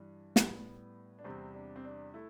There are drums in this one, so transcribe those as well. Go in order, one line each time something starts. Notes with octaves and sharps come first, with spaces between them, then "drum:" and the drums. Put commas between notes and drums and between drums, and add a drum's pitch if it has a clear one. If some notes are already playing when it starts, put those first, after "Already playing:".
Already playing: G2 E3 G3 D4
A2 G3 B3, drum: snare
D4
E2 C3 G3 C4
D4
C4
D4
A3 E4